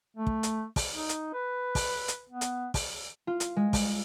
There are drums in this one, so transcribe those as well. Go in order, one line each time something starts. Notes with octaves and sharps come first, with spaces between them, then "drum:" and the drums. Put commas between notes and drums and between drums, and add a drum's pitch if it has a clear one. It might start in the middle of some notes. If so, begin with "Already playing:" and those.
A3
drum: kick
drum: hi-hat
drum: kick, open hi-hat
D#4
drum: hi-hat
B4
drum: kick, open hi-hat
drum: hi-hat
B3
drum: hi-hat
drum: kick, open hi-hat
F4
drum: hi-hat
G#3
drum: kick, open hi-hat